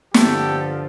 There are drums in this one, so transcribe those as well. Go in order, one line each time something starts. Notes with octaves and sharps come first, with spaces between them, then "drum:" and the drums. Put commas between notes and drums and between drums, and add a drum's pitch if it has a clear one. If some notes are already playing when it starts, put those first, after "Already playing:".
G2 D3 F3 G4 A4, drum: snare